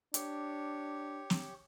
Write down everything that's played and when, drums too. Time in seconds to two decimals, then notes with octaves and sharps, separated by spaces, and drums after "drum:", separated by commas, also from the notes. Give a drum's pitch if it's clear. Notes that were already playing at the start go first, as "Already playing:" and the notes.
0.14 D4 G4 C#5, drum: hi-hat
1.30 drum: snare